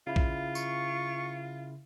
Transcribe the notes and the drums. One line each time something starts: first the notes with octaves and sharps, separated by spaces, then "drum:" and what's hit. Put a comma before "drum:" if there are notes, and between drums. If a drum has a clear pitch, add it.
C#3 E4 F4
drum: kick A#1
C#6, drum: tambourine